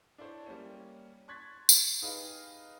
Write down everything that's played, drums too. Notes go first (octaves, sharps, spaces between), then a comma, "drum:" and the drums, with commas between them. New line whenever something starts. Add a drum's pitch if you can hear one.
D4 E4 A4 C5 C#5
G3 A#3 C#4
C6 C#6 F#6 G#6 A6 B6
drum: tambourine
D#4 G4 G#4 B4 D#5 F5